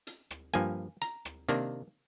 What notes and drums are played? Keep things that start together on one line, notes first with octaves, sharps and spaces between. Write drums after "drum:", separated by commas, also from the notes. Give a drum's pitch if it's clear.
drum: hi-hat
drum: rim click
G2 F3 A#3 G#5
A#5, drum: hi-hat
drum: rim click
C3 D#3 A#3 D4, drum: hi-hat